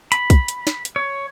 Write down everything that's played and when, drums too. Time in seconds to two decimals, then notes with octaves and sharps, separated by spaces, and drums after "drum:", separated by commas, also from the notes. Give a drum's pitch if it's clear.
0.12 B5, drum: hi-hat
0.30 drum: kick, hi-hat
0.48 drum: hi-hat
0.67 drum: snare
0.85 drum: hi-hat
0.96 C#5